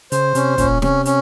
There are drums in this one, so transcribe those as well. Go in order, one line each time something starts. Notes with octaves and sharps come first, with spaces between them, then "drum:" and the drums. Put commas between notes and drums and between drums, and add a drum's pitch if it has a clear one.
C#3 C5, drum: hi-hat
C3 C#4, drum: hi-hat
A#2 C#4, drum: kick, hi-hat
C3 C#4, drum: snare
C#4, drum: hi-hat